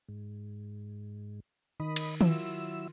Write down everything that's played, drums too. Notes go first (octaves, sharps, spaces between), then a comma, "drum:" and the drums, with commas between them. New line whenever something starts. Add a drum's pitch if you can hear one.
G#2
D#3 D#5 B5
drum: cymbal
F#3 E4 F4 E6, drum: tom D#3